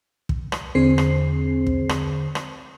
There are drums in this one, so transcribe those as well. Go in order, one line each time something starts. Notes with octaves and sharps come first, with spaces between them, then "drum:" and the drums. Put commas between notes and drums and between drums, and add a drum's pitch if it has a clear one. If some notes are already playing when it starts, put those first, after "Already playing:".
drum: kick
drum: rim click
E2 D3 C4 G#4 C5 C7
drum: rim click
drum: kick
drum: rim click
drum: rim click